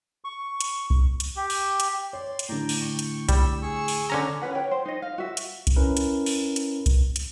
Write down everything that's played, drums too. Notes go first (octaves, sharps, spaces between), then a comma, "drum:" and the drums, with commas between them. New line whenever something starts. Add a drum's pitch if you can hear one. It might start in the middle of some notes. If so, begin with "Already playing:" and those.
C#6
drum: hi-hat
drum: kick C2
drum: hi-hat
G4
drum: open hi-hat
drum: hi-hat
C#5 D5 C6
drum: hi-hat
A2 D3 D5 G5 A#5
drum: open hi-hat
G5 C#6
drum: hi-hat
G3 E6, drum: kick C2, hi-hat
G#4 C#6 E6
drum: open hi-hat
D3 C#4 A#5
C#4 F4 B4 F#5
C#5 G5
C5
D#4 D#5
F5
F#4 E5
drum: hi-hat
drum: kick C2, hi-hat
C#4 E4 A#4 B4
drum: hi-hat
drum: open hi-hat
drum: hi-hat
drum: kick C2, hi-hat
drum: hi-hat